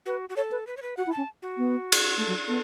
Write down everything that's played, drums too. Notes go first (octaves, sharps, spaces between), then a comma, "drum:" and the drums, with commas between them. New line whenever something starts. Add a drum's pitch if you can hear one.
F#4 B4
F#4
A4 C#5
B4
B4
C#5
B4
F#4 F#5
E4
C#4 A5
F#4
B3
drum: cymbal
A3 A4
F#3
B3 A4